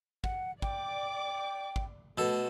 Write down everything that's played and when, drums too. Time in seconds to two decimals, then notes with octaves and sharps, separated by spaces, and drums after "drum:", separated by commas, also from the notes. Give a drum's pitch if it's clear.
0.24 F#5, drum: kick
0.62 D5 G5 D6, drum: kick
1.76 drum: kick
2.18 B2 A3 A4